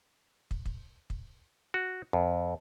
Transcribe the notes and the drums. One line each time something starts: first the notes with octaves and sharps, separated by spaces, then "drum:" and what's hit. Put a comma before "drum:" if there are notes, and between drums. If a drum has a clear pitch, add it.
drum: kick
drum: kick
drum: kick
F#4
F2